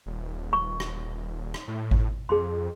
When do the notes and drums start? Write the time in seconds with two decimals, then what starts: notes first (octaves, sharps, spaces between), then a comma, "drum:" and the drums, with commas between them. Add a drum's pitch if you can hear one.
0.06 D#1
0.53 C#6
0.80 drum: rim click
1.54 drum: rim click
1.68 A2
1.91 drum: kick G#1
2.29 F2 G#4 C6